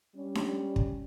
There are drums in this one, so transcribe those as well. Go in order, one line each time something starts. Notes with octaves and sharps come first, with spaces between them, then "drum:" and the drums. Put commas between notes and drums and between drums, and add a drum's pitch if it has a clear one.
G3 C#4
drum: snare D4
drum: kick